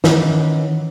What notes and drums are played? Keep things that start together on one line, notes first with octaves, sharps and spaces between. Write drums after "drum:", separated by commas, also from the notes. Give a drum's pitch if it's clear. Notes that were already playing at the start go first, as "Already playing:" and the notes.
D#3 E3 C#4 F#5, drum: snare